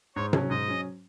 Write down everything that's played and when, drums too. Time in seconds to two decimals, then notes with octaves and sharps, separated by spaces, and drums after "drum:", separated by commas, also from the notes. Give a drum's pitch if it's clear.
0.16 G#2 C#5
0.33 F#3 C#4, drum: tom C3
0.50 G#2 D#5
0.68 F#3 C#4